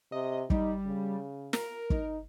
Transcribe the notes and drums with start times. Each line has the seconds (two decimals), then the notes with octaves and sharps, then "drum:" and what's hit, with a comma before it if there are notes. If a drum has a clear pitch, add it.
0.12 C3 D#5
0.50 G3 D#4, drum: kick
0.86 C#3
1.53 A#4, drum: snare
1.90 D#4, drum: kick